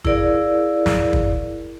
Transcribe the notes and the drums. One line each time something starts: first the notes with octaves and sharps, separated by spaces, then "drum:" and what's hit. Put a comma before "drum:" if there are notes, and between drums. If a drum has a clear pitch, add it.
E4 G#4 A#4 D5 F5, drum: kick
drum: snare
drum: kick